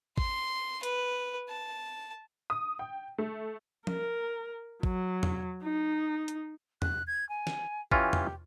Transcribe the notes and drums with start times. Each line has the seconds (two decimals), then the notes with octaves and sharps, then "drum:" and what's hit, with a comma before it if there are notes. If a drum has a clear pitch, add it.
0.18 C6, drum: kick
0.83 B4, drum: hi-hat
1.49 A5
2.50 D#6
2.79 G5
3.18 A3
3.87 A#4, drum: tom
4.83 F#3, drum: kick
5.23 drum: tom E2
5.64 D#4
6.28 drum: hi-hat
6.82 F#6, drum: tom E2
7.07 G#6
7.29 G#5
7.47 drum: snare
7.91 E3 C#4 F4 G4, drum: kick
8.13 drum: tom E2